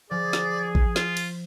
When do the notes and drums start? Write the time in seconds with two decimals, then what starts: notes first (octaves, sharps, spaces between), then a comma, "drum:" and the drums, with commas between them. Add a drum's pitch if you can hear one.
0.11 F3 G#4 D5
0.33 drum: snare
0.75 drum: kick A1
0.96 F4, drum: snare
1.17 drum: cymbal